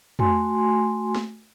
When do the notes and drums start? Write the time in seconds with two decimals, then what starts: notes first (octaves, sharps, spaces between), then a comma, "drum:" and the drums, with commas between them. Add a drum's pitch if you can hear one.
0.19 A3 F#4 G#5 C6, drum: tom
1.16 drum: snare